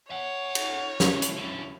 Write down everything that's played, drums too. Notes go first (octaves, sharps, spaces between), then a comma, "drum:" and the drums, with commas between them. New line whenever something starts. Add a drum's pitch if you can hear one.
C#5 E5 F#5
drum: cymbal
F3 E4, drum: snare
drum: hi-hat
D3 E4